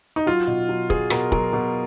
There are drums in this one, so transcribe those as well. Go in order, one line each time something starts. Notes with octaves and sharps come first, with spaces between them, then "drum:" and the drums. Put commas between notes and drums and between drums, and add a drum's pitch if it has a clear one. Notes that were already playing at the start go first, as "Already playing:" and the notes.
D#4
F#3 F4
B2
F#3
F#3 G#4, drum: kick
B2 A#4, drum: rim click
F#3 A#4, drum: kick
B2